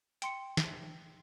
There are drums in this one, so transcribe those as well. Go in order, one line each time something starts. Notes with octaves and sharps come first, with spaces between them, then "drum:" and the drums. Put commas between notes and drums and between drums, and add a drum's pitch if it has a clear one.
G5 C6 C#7, drum: hi-hat
drum: snare